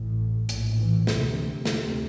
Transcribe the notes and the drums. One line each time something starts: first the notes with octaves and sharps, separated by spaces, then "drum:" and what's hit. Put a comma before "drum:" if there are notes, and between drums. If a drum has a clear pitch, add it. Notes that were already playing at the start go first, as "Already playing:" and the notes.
Already playing: A1 A2
A#1 A2, drum: hi-hat
E3
D2 C3, drum: snare
D2 C3, drum: snare